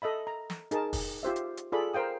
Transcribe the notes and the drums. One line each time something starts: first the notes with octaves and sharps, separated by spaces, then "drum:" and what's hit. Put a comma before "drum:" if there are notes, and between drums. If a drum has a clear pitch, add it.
A4 D#5 E5 B5
A#5
drum: snare
D#4 G#4 A#4 A5, drum: hi-hat
drum: kick, open hi-hat
F4 G4 C5 E5
drum: hi-hat
drum: hi-hat
F4 G#4 A4 D5 B5
A#4 C5 F5 G5 D#6